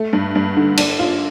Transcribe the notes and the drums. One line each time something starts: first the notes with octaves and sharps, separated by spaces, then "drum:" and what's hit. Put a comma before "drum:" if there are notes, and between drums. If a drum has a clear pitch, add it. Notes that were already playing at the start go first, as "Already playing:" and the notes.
Already playing: A3
G2
G2
D3
D4, drum: cymbal
F4